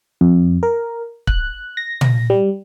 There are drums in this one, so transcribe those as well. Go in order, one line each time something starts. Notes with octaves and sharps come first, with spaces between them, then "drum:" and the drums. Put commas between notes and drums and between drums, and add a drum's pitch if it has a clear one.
F2
A#4
F#6, drum: kick
A#6
drum: tom
G3